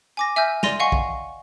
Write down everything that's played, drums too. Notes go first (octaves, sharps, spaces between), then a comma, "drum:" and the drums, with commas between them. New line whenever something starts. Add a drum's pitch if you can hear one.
G#5 D6 A#6
E5 G#5 E6 F6 G6
D5 C6 A#6 D#7 F7, drum: snare
D#5 F5 F#5 G#5 C#6
drum: kick